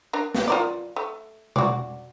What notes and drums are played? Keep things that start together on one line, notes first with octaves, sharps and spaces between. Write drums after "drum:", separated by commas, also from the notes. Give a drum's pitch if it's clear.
D4 A#4
drum: snare
F4 A#4 D5
A3
F#4 D5, drum: tom B2